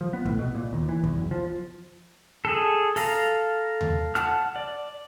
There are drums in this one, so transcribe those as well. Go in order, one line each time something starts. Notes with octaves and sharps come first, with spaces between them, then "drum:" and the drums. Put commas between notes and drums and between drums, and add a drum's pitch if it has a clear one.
F3
B3
A2, drum: kick
B2
A#2
D#2
E3
E2, drum: kick
F#1
F3
G#4 A4
A4 F5 A#5, drum: open hi-hat
drum: tom D#2
F#5 A5 F6, drum: snare
D5